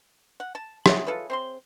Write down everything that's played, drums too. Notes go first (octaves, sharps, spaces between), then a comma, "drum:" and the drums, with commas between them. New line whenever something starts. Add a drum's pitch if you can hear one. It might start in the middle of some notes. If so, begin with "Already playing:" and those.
F#5
A5
F#4 G#4 C#5 E5, drum: rim click
F4 A4 B4
C4 C5 C6